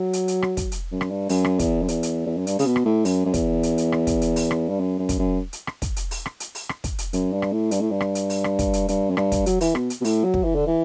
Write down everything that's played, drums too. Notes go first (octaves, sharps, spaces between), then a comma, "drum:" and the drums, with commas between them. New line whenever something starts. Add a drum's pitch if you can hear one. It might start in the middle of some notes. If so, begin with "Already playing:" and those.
Already playing: F#3
drum: hi-hat
drum: hi-hat
drum: rim click
drum: kick, hi-hat
drum: hi-hat
F#2
drum: rim click
G2
F#2, drum: open hi-hat
drum: rim click
E2, drum: kick, hi-hat
F#2
E2, drum: hi-hat
drum: hi-hat
E2
F#2
G2, drum: hi-hat
C#3, drum: open hi-hat
B2
drum: rim click
A2
F#2, drum: open hi-hat
F#2
E2, drum: kick, hi-hat
drum: hi-hat
drum: hi-hat
drum: rim click
drum: kick, hi-hat
drum: hi-hat
drum: open hi-hat
drum: rim click
G2
F#2
F#2
drum: kick, hi-hat
F#2
drum: hi-hat
drum: rim click
drum: kick, hi-hat
drum: hi-hat
drum: open hi-hat
drum: rim click
drum: hi-hat
drum: open hi-hat
drum: rim click
drum: kick, hi-hat
drum: hi-hat
F#2, drum: hi-hat
G2
drum: rim click
A2
G2, drum: hi-hat
A2
G2
drum: rim click
drum: hi-hat
drum: open hi-hat
drum: rim click
drum: kick, hi-hat
drum: hi-hat
G2, drum: hi-hat
F#2
G2, drum: rim click
drum: kick, hi-hat
F#3, drum: hi-hat
E3, drum: open hi-hat
B2, drum: rim click
drum: hi-hat
B2
A2, drum: open hi-hat
F#3
drum: kick
E3
D3
E3